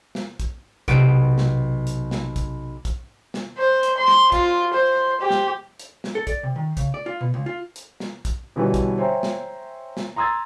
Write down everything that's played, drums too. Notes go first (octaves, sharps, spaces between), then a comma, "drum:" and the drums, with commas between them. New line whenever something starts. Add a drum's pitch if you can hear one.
drum: snare
drum: kick, hi-hat
B1 C3 B3 B4 F#5 D7, drum: kick, hi-hat
drum: snare
drum: hi-hat
drum: snare
drum: kick, hi-hat
drum: kick, hi-hat
drum: snare
C5
drum: hi-hat
C6
drum: snare
F4, drum: kick, hi-hat
C5
G4
drum: snare
drum: hi-hat
drum: snare
A4
D5, drum: kick, hi-hat
C3
D#3
C#3, drum: kick, hi-hat
D5
F4
B2
C#2
F4
drum: hi-hat
drum: snare
drum: kick, hi-hat
B2 D3 E3 G3 B3 C#4
drum: kick, hi-hat
C5 C#5 E5 G5 G#5 A#5
drum: snare
drum: snare
A#5 C6 D#6 E6 G#6 A6